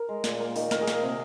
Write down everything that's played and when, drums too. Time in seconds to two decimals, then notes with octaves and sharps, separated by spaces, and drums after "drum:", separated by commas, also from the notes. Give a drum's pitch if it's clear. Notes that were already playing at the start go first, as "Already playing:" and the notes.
Already playing: A#4
0.09 G#3
0.24 A#2, drum: snare
0.40 A#3
0.56 D#3, drum: open hi-hat
0.71 D#3 A#4, drum: snare
0.81 G#4
0.88 A#3, drum: snare
1.02 C3